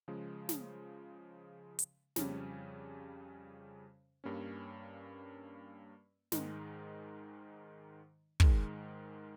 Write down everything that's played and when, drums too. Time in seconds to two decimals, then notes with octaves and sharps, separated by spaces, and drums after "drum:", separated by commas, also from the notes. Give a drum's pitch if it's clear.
0.08 C#3 F3 G#3
0.49 drum: snare
1.79 drum: hi-hat
2.16 F2 C#3 G3 C#4, drum: snare
4.24 G2 G3 A#3 C#4
6.32 G#2 D#3 G#3 D#4, drum: snare
8.40 G#2 D#3 G#3, drum: kick